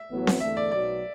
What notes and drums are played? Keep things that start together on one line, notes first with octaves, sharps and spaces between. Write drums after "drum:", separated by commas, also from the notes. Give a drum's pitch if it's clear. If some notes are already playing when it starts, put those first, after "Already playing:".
Already playing: E5
A1 A2 F#3 B3
drum: snare C4
E2 D3 A3 E5
D5
B1 B2 F#3 D5